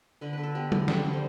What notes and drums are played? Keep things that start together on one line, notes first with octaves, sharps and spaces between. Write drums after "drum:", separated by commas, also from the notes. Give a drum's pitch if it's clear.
D3 B4
D3 B4
A4
B3 G4
D3, drum: tom
G3, drum: snare
D3
C5